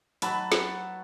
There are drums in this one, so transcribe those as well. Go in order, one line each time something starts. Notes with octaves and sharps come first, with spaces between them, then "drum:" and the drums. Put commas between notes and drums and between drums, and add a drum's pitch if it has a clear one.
F#3 B4 A5, drum: hi-hat
drum: snare